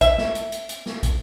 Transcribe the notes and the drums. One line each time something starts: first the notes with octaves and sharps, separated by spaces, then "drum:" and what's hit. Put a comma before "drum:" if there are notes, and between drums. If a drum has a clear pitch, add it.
E5, drum: kick, hi-hat
drum: snare
drum: hi-hat
drum: hi-hat
drum: hi-hat
drum: snare
drum: kick, hi-hat